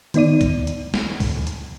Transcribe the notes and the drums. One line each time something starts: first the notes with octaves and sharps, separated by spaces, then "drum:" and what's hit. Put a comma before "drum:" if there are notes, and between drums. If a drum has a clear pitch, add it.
D#3 B3 D#4 D5 D#7, drum: hi-hat
drum: kick C2, hi-hat
drum: hi-hat
drum: snare
drum: kick C2, open hi-hat
drum: hi-hat